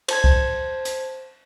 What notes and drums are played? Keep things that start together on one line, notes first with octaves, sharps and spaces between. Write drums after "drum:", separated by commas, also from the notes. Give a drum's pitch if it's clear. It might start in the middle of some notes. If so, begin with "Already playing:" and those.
C5 A5 G#6, drum: cymbal
drum: kick C2
drum: hi-hat